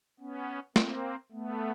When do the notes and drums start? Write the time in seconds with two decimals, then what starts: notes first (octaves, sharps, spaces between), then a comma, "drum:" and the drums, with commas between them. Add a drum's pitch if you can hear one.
0.20 B3 C#4
0.76 A#3 C4, drum: snare
1.32 A3 B3